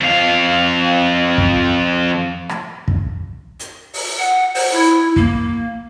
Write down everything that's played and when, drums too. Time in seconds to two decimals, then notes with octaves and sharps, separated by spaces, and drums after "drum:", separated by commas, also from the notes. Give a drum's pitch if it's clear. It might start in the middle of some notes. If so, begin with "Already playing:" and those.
0.01 F2 F5
1.38 drum: kick
2.49 drum: rim click
2.88 drum: kick
3.60 drum: hi-hat
3.94 drum: open hi-hat
4.19 F#5
4.55 C5, drum: open hi-hat
4.72 E4
5.16 A#3, drum: kick